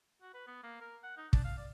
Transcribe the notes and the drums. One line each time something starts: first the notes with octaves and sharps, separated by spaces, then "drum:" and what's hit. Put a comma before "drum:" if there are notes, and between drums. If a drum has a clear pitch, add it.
F#4
B4
B3
A#3
A#4
F#5
D#4
D4, drum: kick
F5
D5